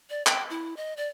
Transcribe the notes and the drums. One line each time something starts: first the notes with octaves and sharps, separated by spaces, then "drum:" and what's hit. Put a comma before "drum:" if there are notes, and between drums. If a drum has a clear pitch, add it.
D5
G5, drum: clap
E4
D#5
D5